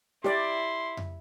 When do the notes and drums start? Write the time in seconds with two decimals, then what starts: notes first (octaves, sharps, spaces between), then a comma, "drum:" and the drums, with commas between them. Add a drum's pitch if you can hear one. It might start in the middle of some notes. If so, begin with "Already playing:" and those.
0.24 E4 G4 D5 C6, drum: snare
0.97 drum: tom F2